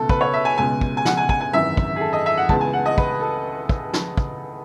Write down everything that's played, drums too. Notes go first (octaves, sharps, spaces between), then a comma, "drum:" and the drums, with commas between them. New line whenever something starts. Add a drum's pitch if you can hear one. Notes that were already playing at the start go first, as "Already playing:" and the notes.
Already playing: C#2 B2 A3 A4
B4, drum: kick
C#5
E5
G#5
C#2 B2 G#3 B3 G#5
drum: kick
G#5
F#5, drum: snare
G#5
G#5, drum: kick
G#5
G#1 F#2 E3 E5
drum: kick
G#4
A4
D#5
E5
F#5
C#2 C#3 E3 G#3 B3 A5, drum: kick
G#5
F#5
D#5
B4, drum: kick
A4
drum: kick
drum: snare
drum: kick